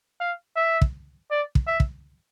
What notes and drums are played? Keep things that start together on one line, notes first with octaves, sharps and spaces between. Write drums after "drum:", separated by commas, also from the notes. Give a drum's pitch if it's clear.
F5
E5
drum: kick
D5
drum: kick
E5
drum: kick